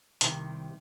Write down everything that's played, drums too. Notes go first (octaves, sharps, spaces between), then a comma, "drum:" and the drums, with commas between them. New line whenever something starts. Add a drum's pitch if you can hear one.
C2 C3 D#3, drum: hi-hat